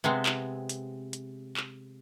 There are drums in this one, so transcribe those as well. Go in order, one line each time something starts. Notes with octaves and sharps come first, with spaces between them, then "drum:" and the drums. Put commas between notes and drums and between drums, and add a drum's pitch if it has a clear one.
C3 G#3 B3 C4
drum: clap
drum: hi-hat
drum: hi-hat
drum: clap